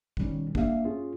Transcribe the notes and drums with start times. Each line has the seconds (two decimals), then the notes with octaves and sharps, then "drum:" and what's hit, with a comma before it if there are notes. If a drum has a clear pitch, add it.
0.17 B2 D#3 G3 C#4, drum: kick
0.55 A#3 D4 G4 E5 F5, drum: kick
0.85 G2 C#4 F4 G#4